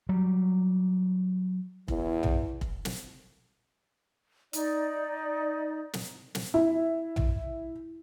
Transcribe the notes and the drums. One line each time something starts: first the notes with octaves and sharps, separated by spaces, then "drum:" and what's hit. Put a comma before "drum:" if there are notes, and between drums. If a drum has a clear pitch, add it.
F#3 G3
E2 E4, drum: kick
drum: tom B1
drum: kick
drum: snare
D#4 D5, drum: hi-hat
drum: snare
drum: snare
E4
drum: tom B1